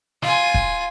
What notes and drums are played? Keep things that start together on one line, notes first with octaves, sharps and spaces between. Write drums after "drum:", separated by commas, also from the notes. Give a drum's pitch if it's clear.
F4 G#5, drum: snare
drum: kick